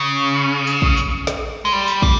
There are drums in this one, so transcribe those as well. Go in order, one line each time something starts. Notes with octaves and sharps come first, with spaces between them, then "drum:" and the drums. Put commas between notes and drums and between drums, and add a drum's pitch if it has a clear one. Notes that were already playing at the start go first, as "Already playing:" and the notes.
Already playing: C#3
drum: tambourine
drum: kick
drum: tambourine
drum: snare
G#3
G3
drum: tambourine
A#3, drum: kick